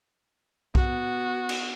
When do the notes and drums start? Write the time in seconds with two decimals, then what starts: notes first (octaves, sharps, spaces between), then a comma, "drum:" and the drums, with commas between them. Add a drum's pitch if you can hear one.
0.75 B3 F#4, drum: kick B1
1.49 drum: cymbal